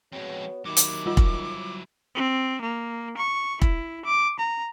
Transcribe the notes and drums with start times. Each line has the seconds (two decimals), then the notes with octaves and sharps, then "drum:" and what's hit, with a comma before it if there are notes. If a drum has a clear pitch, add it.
0.13 F2 G#3 B3 F#4 C#5
0.65 D#2 D#3 F#3 E4 D6
0.77 drum: hi-hat
1.06 G3 F4
1.17 drum: kick
2.15 C4
2.62 A#3
3.17 C#6
3.62 E4, drum: kick
4.05 D6
4.39 A#5